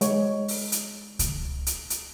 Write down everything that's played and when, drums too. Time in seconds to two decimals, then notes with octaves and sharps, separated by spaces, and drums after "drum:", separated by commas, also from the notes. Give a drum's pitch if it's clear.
0.01 G#3 C#5, drum: hi-hat
0.48 drum: open hi-hat
0.72 drum: hi-hat
1.19 drum: kick C#2, hi-hat
1.67 drum: hi-hat
1.90 drum: hi-hat